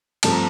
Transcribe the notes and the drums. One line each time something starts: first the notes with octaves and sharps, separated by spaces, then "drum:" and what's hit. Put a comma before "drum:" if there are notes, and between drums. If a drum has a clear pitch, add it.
G2 F3 A3 C4 A5, drum: cymbal
A#5